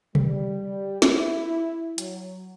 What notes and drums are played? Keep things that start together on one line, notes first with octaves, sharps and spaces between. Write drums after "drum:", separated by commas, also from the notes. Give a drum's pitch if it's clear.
G3, drum: tom C3
E4, drum: snare
F#3, drum: hi-hat